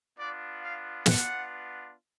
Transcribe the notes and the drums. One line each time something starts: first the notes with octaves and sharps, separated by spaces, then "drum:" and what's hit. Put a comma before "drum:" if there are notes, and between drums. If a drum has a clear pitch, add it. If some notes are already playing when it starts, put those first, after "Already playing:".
B3 D4 F4 D5
F5
B3 D4 F4 F#5, drum: snare